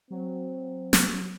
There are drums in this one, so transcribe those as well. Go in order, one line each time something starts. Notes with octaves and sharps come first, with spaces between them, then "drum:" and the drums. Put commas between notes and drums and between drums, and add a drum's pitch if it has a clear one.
F#3 C4
drum: snare